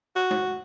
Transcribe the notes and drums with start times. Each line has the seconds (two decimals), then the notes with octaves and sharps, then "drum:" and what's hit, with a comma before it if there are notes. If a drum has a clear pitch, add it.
0.16 F#4
0.31 drum: tom G#3